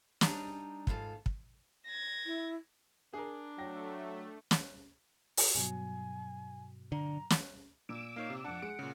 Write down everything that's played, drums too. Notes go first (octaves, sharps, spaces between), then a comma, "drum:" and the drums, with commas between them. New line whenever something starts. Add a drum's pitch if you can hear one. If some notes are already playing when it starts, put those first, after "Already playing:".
G3 D4 D#4 G#5 A#5, drum: snare
E2 G#2 F4 A4, drum: kick
drum: kick
G#6 A#6
E4
D4 G#4 A#4
F#3 A3 G5 A#6
drum: snare
drum: open hi-hat
G2 B2 F#3 G#5
D3 A#5
drum: snare
A#2 D6 E6
A#3 D#4 C#5 F5
C3
F2 D4 F#5 A5
G#3 C#7 D7
A#2 C#3